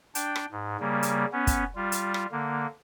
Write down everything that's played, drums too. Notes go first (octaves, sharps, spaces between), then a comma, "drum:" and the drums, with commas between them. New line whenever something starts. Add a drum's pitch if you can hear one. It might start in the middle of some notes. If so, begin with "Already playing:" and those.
D4 G5, drum: hi-hat
drum: rim click
G#2
C#3 G3 A#3
drum: hi-hat
B3 C#4
drum: kick, hi-hat
G3 F4
drum: hi-hat
drum: rim click
D3 A#3